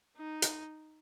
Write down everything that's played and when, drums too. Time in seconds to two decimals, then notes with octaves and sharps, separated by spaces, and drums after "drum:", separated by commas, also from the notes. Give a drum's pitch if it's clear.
0.17 D#4
0.42 drum: hi-hat